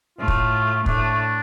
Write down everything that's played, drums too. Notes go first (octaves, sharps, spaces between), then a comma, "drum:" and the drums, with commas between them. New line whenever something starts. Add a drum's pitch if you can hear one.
A2 A3 F4
drum: kick
A2 A3 D4, drum: kick